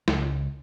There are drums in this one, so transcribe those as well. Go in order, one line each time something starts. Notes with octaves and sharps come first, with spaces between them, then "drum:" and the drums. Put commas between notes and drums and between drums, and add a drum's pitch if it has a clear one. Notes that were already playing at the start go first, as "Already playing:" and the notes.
C#2, drum: snare